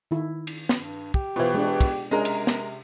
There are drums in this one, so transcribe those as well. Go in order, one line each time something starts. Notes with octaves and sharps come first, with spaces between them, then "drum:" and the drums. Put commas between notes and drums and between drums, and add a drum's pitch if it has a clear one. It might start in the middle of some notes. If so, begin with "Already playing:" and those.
D#3 E4
drum: cymbal
drum: snare
G2
G4, drum: kick
B2 E3 B3 F4 C5
G#3 D4
drum: kick, cymbal
C3 G#3 C#4 D4 G#4 A#4
drum: cymbal
drum: snare